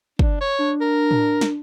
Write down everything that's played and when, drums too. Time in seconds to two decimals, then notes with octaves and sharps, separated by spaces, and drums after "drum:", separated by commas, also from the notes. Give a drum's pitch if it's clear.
0.19 D4, drum: kick
0.41 C#5
0.59 D4
0.81 A#4
1.11 drum: tom A2
1.41 drum: snare